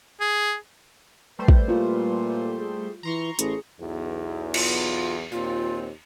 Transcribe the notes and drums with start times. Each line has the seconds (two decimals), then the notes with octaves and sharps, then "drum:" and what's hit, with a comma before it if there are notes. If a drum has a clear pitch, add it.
0.20 G#4
1.39 G3 A3 B4 C5
1.48 drum: kick
1.68 A#2 E4 F4
2.58 G#4
3.03 E3 A#5 C6 C#6
3.39 A1 G#4, drum: hi-hat
3.79 B1 E2
4.54 F4, drum: cymbal
5.32 D#2 A#2 C4 F4